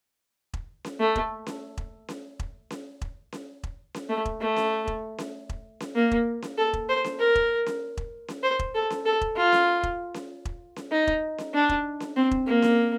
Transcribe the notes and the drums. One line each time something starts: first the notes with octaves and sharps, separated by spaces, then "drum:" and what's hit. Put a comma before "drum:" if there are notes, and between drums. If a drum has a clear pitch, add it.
drum: kick E1
drum: snare C#4
A3
drum: kick E1
drum: snare C#4
drum: kick E1
drum: snare C#4
drum: kick E1
drum: snare C#4
drum: kick E1
drum: snare C#4
drum: kick E1
drum: snare C#4
A3
drum: kick E1
A3
drum: snare C#4
drum: kick E1
drum: snare C#4
drum: kick E1
drum: snare C#4
A#3
drum: kick E1
drum: snare C#4
A4
drum: kick E1
C5
drum: snare C#4
A#4
drum: kick E1
drum: snare C#4
drum: kick E1
drum: snare C#4
C5
drum: kick E1
A4
drum: snare C#4
A4
drum: kick E1
F4
drum: snare C#4
drum: kick E1
drum: snare C#4
drum: kick E1
drum: snare C#4
D#4
drum: kick E1
drum: snare C#4
D4
drum: kick E1
drum: snare C#4
C4
drum: kick E1
A#3
drum: snare C#4